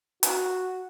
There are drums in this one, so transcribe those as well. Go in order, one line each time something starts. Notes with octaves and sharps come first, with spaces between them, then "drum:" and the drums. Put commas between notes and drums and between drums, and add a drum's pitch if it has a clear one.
F#4, drum: hi-hat